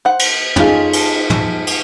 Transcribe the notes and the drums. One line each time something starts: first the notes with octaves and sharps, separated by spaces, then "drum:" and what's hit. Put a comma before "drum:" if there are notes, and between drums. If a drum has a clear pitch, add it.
C5 F#5
drum: cymbal
C#4 D#4 F4 G#4 A4 F5, drum: tom
drum: cymbal
drum: tom
drum: cymbal